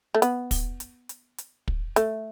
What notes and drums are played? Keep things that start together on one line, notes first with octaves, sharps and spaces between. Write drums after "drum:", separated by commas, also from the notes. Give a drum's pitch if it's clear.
A3
B3, drum: hi-hat
drum: kick, open hi-hat
drum: hi-hat
drum: hi-hat
drum: hi-hat
drum: kick
A3, drum: hi-hat